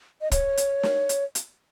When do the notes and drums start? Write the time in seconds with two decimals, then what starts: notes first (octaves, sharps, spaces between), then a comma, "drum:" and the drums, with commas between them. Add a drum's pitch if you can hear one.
0.21 D#5
0.32 C#5, drum: kick, hi-hat
0.57 drum: hi-hat
0.83 drum: snare
1.09 drum: hi-hat
1.35 drum: hi-hat